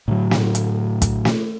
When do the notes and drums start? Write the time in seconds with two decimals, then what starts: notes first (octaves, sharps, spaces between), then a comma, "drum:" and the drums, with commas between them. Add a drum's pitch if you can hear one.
0.08 A2 D3 F#3
0.31 drum: snare
0.55 drum: hi-hat
1.02 drum: kick, hi-hat
1.25 drum: snare